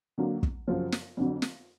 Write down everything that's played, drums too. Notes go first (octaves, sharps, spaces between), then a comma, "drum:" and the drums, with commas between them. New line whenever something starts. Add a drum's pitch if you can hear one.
D3 F#3 A#3
drum: kick
F#2 C#3 F3
drum: snare
F2 D3 F#3
drum: snare